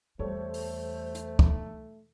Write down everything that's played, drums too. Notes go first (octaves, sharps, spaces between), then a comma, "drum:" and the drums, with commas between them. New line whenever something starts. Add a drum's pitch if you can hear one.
E2 G3 A3 A4 C5 C#5
drum: open hi-hat
drum: hi-hat
drum: kick